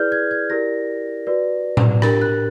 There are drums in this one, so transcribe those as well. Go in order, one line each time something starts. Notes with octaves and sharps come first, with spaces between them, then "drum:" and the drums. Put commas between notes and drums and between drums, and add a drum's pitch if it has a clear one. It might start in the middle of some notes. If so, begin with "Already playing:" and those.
Already playing: E4 G#4 B4 D5 F6 G6
G#6
G#6
E4 G4 A#4 D5 A#6
F#4 B4 D5
drum: tom A2
D4 G4 A#4 A6, drum: rim click
F#6